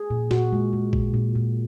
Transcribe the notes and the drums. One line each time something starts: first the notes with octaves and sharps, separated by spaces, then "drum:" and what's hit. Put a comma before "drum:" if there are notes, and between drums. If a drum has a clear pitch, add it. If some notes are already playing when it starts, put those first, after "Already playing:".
Already playing: G#4
A#2
A#2 F#4, drum: snare
G#3
G#3
A#2, drum: kick A1
A#2
A#2